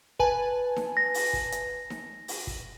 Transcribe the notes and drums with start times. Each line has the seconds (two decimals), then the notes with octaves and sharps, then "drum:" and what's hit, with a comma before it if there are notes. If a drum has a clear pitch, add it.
0.19 B4 G#5 A5, drum: kick
0.76 drum: snare D#4
0.97 A#6
1.14 drum: open hi-hat
1.33 drum: kick
1.52 drum: hi-hat
1.90 drum: snare D#4
2.28 drum: open hi-hat
2.47 drum: kick